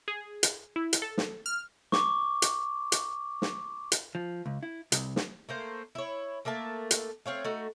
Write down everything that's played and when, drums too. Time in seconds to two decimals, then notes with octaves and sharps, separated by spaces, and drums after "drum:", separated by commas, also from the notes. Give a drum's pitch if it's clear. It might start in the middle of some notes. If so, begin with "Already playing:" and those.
0.08 G#4
0.43 drum: hi-hat
0.76 E4
0.93 drum: hi-hat
1.02 A4
1.18 drum: snare
1.46 F6
1.92 C#6 D6, drum: snare
2.42 drum: hi-hat
2.92 drum: hi-hat
3.42 drum: snare
3.92 drum: hi-hat
4.15 F3
4.46 C#2
4.63 E4
4.92 C2, drum: hi-hat
5.16 drum: snare
5.49 A3 A#3 C5
5.95 E4 C#5
6.45 A3 A#3 E5 A5
6.91 drum: hi-hat
7.26 A3 C4 C#5 F5
7.45 A3 D#4 F#4